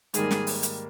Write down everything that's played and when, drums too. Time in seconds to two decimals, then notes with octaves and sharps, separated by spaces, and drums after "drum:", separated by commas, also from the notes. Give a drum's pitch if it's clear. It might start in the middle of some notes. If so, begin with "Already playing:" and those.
0.14 G#2 D#3 G3 A#3 G#4, drum: hi-hat
0.31 drum: snare
0.47 drum: open hi-hat
0.63 drum: hi-hat